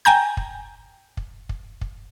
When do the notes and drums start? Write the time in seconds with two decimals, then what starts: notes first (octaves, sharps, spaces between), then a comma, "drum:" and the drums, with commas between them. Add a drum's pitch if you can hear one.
0.05 G5 G#5 A#5 G6
0.37 drum: kick
1.17 drum: kick
1.49 drum: kick
1.81 drum: kick